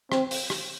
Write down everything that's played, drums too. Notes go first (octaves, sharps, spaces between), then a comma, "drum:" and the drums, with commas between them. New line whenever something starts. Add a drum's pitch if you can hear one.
C4, drum: rim click
drum: open hi-hat
drum: rim click